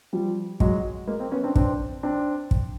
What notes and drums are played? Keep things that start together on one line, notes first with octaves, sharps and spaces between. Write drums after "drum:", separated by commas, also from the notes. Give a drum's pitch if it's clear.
F3 G3
F#3 G#3, drum: kick
G#3 A#3
A#3 C4
B3 C#4
C4 D4
C4 D4, drum: kick
C4 D4
drum: kick